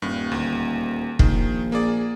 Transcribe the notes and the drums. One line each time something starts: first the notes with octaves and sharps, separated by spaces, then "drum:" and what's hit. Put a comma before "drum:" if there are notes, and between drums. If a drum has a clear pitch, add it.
D#1 G2
D2
A#1 D#3, drum: kick
A#3 G#4 D5